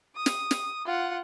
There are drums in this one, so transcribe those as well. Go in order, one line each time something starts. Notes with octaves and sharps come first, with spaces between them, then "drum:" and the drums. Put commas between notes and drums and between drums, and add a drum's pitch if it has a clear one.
D#6
drum: snare
drum: snare
F4 F#5